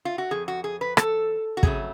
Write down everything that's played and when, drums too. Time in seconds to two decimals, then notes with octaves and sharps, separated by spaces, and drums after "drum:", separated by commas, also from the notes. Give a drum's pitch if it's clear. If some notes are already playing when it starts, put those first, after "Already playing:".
0.05 F4
0.18 F#4
0.31 F2 F3 G#4
0.48 F#4
0.64 G#4
0.81 B4
0.97 A4, drum: rim click
1.57 F#4
1.63 F2 C#3 F#3 A3 G#4, drum: kick